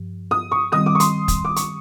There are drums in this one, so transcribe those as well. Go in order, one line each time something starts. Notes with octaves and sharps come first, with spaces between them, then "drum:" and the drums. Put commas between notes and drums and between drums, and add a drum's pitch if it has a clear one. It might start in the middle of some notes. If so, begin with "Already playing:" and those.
Already playing: G2 F3
D#6
C#6
D#3 G3 C4 D#6
D6
C#6
C6, drum: hi-hat
drum: kick, hi-hat
D6
C#6, drum: hi-hat